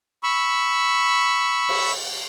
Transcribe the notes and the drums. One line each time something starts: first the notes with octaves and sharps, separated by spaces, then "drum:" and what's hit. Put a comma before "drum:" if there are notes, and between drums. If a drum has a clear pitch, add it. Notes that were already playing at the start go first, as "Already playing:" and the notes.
B5 C#6 E6
drum: cymbal